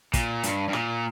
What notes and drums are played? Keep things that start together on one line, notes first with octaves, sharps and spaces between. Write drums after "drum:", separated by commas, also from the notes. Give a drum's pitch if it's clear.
A#2, drum: kick, hi-hat
G2, drum: hi-hat
G2
A#2, drum: rim click